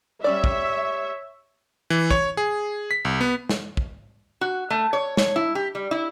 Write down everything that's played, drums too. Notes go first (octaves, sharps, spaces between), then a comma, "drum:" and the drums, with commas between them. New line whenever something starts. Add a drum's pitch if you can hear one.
G3 C#4 C#5 D5 E5
drum: kick
E3
C#5, drum: kick
G#4
B6
C2
B3
drum: snare
drum: kick
F#4
A3
C#5
C#5, drum: snare
E4
G4
G3
E4